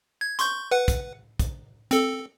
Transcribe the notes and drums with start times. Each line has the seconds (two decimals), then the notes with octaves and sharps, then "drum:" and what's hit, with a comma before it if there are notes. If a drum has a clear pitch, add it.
0.21 G#6
0.39 C6 C#6 G6, drum: hi-hat
0.71 B4 F#5
0.88 drum: kick, hi-hat
1.39 drum: kick, hi-hat
1.91 C4 A4, drum: hi-hat